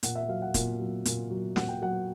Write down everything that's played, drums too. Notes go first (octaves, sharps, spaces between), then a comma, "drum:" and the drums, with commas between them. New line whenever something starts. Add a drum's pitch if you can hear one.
A#2 F#5, drum: hi-hat
E5
F#3 F5
F#5
A#2, drum: kick, hi-hat
F#3
A#2, drum: hi-hat
F#3
A#2 F#5, drum: snare
G5
F#3 F#5